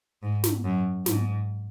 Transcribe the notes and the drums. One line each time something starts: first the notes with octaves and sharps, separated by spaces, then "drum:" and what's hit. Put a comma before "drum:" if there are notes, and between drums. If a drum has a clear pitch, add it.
G#2
drum: snare
F#2
G#2, drum: snare